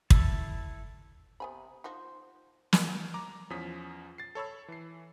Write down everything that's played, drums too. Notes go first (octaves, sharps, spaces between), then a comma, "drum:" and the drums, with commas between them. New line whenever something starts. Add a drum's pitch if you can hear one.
E4 A4, drum: kick
C3 B3 G#5 B5
F3 D#4 F#4 C5
drum: snare
A#5 D6
E2 F3 C#4 D#6 B6
A6 C7
A4 C#5 B5 E6
E3 C7